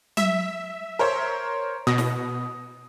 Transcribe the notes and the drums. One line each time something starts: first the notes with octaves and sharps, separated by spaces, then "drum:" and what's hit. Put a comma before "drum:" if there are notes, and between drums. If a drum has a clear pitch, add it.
E5, drum: tom F#3
A#4 C5 C#5
B2 D#6 A#6
drum: snare